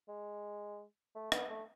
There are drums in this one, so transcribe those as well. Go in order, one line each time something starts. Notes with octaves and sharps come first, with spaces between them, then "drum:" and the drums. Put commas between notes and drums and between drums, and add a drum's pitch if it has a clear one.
G#3
A3
B3, drum: rim click
A3